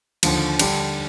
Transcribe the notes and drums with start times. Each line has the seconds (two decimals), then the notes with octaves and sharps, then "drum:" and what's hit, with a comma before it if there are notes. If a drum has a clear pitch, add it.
0.23 D#2 D3 F3, drum: cymbal
0.59 D3 G3 D4, drum: cymbal